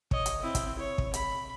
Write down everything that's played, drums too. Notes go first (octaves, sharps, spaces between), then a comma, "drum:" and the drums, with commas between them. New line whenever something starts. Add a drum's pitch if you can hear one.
C#5 D#5, drum: kick
drum: hi-hat
C4 E4
drum: kick, hi-hat
C#5
drum: kick
B5, drum: hi-hat